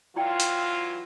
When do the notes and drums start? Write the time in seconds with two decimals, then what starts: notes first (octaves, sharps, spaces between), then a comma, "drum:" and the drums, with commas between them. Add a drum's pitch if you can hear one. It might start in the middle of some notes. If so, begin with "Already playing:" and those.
0.16 E3 F#3 E4 F4 D5 G5
0.40 drum: hi-hat